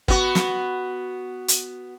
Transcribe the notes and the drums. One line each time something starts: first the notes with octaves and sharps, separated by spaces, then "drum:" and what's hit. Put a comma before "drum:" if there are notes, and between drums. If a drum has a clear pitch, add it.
B3 F#4, drum: kick
drum: snare
drum: hi-hat